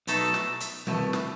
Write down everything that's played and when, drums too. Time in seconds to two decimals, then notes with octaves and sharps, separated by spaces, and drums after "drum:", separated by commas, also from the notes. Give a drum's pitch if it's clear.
0.07 B1 B2 A3 D#4 A4, drum: hi-hat
0.34 drum: snare
0.60 drum: hi-hat
0.87 C2 B2 A3, drum: tom
1.13 drum: snare